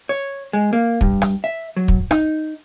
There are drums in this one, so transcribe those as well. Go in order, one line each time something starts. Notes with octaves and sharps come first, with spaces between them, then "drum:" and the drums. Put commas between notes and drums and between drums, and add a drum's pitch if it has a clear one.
C#5
G#3
A#3
G2, drum: kick
drum: rim click
E5
F#3
drum: kick
D#4, drum: rim click